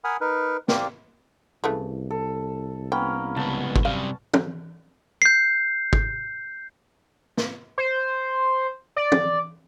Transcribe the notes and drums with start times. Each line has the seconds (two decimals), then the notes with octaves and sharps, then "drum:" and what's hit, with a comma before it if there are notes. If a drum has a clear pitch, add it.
0.04 A#4 F#5 G#5 B5 D#6 F6
0.21 D#4 A#4 B4
0.68 A#3 C4 G4 D5 F5, drum: snare
1.64 C2 C#3 E3 A3
2.10 A4
2.92 A#3 B3 C#4 G5
3.37 C#2 B3 A5
3.76 drum: kick
3.85 F#2 C3 G3 F5
4.34 drum: tom
5.22 G6 C7
5.93 drum: kick
7.37 drum: snare
7.78 C5
8.96 D5
9.12 drum: tom